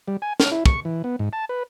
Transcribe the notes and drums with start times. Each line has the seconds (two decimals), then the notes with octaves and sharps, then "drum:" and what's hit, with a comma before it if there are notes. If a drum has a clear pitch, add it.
0.08 G3
0.22 G#5
0.40 F6, drum: snare
0.51 E4
0.66 C#6, drum: kick
0.85 E3
1.04 B3
1.19 G#2
1.33 A5
1.49 B4